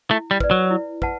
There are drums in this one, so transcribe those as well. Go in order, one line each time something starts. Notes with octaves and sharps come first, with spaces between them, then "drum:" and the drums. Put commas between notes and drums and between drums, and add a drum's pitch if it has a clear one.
A3 E4
G3
B4 D5, drum: kick
F#3
E4
B4 F#5 A5, drum: kick